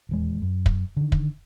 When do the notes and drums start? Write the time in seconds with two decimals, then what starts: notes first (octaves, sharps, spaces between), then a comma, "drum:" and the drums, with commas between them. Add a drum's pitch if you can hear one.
0.09 D#1 E2 G#3
0.42 F#2
0.66 drum: kick
0.97 D3 D#3
1.12 drum: kick